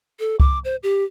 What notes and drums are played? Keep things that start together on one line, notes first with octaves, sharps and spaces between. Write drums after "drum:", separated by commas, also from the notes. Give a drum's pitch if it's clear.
A4
D6, drum: kick C2
C5
G4